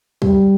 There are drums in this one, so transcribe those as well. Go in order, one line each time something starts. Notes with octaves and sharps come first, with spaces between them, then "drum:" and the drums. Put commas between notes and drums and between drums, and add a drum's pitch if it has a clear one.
G3, drum: kick